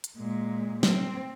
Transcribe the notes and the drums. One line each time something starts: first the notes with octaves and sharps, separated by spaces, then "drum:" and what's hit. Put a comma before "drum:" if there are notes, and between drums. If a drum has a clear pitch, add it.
drum: hi-hat
A#2 G#3
C4, drum: snare